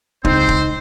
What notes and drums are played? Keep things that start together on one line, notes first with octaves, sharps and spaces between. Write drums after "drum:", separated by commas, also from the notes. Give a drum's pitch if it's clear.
C#2 C4 D#4 C5, drum: kick
drum: kick